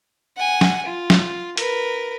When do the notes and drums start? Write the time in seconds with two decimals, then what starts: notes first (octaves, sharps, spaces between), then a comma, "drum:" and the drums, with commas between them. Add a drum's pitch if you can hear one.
0.37 F#5 G#5
0.61 drum: snare
0.86 F4
1.10 drum: snare
1.57 A#4 B4, drum: hi-hat